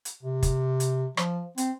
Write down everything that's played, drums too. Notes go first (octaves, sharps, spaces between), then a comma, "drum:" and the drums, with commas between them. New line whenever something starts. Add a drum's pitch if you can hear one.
drum: hi-hat
C3
drum: kick, hi-hat
drum: hi-hat
F3, drum: rim click
C4, drum: hi-hat